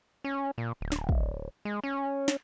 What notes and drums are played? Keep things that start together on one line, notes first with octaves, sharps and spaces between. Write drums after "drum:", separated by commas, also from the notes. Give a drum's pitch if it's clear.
C#4
A#2
D1
drum: snare
drum: kick
G#3
C#4
drum: snare